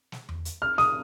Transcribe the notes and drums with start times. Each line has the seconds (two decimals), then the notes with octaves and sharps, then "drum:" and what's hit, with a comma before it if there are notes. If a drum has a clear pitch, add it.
0.12 drum: snare
0.29 drum: tom E2
0.45 drum: hi-hat
0.62 F6
0.78 D#6, drum: snare